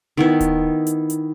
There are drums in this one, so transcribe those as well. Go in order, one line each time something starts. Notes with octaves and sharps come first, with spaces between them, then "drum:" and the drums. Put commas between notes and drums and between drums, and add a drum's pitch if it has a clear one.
D#3 B3 E4
drum: kick D1, hi-hat
drum: hi-hat
drum: hi-hat